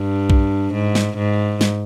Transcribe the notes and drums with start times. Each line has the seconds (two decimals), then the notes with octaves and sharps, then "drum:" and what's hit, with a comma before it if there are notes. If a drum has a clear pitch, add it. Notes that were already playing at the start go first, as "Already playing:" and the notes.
Already playing: G2
0.30 drum: kick A#1
0.74 G#2
0.95 drum: snare
1.17 G#2
1.61 drum: snare